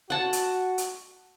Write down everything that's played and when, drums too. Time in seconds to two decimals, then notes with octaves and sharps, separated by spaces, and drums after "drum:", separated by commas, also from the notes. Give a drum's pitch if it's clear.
0.10 F#4 F#5 A5
0.33 drum: hi-hat
0.78 drum: hi-hat